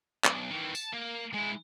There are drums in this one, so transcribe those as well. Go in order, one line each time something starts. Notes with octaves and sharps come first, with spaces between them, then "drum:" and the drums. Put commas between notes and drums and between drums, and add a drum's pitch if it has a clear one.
B1, drum: clap
D#3 E3
A5, drum: tambourine
A#3
G#3 E4